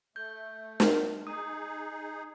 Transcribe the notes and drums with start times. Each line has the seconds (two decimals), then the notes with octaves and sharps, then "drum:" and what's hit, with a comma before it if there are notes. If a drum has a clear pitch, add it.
0.16 A3 G6
0.80 drum: snare
1.27 D#4 G#4 D#6